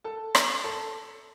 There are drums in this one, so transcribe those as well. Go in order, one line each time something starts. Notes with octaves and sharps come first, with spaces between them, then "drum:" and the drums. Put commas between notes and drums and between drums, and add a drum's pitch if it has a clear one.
A4 A5
drum: rim click
A4 A5